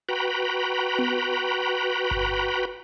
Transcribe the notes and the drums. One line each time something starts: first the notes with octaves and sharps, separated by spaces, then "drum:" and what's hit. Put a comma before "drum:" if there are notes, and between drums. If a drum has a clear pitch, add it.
F#4 B4 G5 A#5 B5
drum: tom B3
drum: kick G1